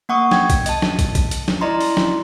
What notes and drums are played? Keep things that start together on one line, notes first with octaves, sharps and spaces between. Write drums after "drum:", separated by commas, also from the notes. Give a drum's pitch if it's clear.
A#3 F#5 C#6 D#6
G5 G#6, drum: snare
drum: kick, hi-hat
D#5 A5, drum: hi-hat
drum: snare
drum: kick, hi-hat
drum: kick, hi-hat
drum: hi-hat
drum: snare
E4 D5 D#5 A#5 C6
drum: open hi-hat
drum: snare